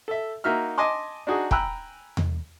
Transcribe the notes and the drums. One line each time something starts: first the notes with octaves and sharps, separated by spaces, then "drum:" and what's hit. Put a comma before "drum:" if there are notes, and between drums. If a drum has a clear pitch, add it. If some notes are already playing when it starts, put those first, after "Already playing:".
A4 E5
A#3 D#4 F#4 E5 F6
D#5 G#5 A5 C6 D6
D4 D#4 F#4 G#4
G5 G#5 A#5 B5 E6 F#6, drum: kick
drum: tom E2